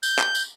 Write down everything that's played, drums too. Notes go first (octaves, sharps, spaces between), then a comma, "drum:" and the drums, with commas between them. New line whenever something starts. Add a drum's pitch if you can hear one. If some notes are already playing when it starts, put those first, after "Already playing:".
G6, drum: tambourine
drum: clap
drum: tambourine